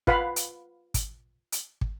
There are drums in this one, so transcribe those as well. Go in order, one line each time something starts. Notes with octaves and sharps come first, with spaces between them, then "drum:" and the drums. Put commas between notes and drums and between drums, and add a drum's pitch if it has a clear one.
F4 B4 F5 F#5 B5, drum: kick
drum: hi-hat
drum: kick, hi-hat
drum: hi-hat
drum: kick